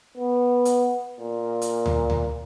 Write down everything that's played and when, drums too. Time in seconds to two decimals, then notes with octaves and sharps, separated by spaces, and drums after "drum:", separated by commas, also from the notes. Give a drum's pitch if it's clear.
0.17 B3
0.65 drum: hi-hat
1.20 A#2
1.62 drum: hi-hat
1.86 drum: tom D2
2.10 drum: tom D2